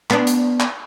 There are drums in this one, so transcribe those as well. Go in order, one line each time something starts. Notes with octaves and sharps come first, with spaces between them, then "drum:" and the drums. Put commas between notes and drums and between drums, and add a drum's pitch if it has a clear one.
B3 D4, drum: clap
drum: hi-hat
drum: clap